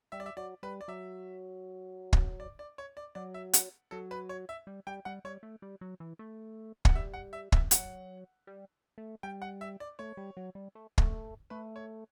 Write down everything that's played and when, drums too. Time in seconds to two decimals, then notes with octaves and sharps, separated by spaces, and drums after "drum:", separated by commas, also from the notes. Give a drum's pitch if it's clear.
0.12 G3 E5
0.20 D5
0.26 E5
0.37 F#3 D5
0.63 G3 B4
0.81 D5
0.88 F#3 E5
2.13 drum: kick
2.40 D5
2.59 D5
2.78 C#5
2.97 D5
3.15 F#3 D5
3.34 E5
3.53 F#5, drum: hi-hat
3.91 F#3 A4
4.11 B4
4.29 C#5
4.49 E5
4.67 G3
4.87 G3 G5
5.05 G3 F#5
5.24 G3 C#5
5.43 A3
5.62 G3
5.81 F#3
6.00 E3
6.19 A3
6.85 F#5, drum: kick
6.95 G3 E5
7.14 F#5
7.33 E5
7.52 E5, drum: kick
7.71 F#3 F#5, drum: hi-hat
8.47 G3
8.98 A3
9.23 G3 G5
9.42 F#5
9.61 E5
9.80 D5
9.99 A3 C#5
10.17 G3
10.37 F#3
10.55 G3
10.75 A3
10.98 A3, drum: kick
11.50 A3 B4
11.76 C#5